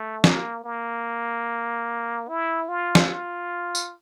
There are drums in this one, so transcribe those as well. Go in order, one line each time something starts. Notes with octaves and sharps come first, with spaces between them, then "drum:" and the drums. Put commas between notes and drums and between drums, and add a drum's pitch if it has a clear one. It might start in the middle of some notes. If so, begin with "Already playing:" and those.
Already playing: A3
A#3, drum: snare
A#3
E4
F4
drum: snare
F4
drum: tambourine